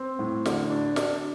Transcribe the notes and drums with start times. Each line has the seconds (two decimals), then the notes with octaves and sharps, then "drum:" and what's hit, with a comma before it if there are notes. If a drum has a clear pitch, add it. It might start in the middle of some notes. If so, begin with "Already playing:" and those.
Already playing: C4
0.19 A2
0.46 D3, drum: snare
0.70 D4
0.96 D4, drum: snare